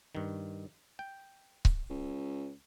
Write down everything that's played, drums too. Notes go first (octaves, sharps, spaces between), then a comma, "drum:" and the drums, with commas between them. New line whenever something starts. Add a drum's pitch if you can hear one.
G2 D#3
G5
drum: kick C#1
C#2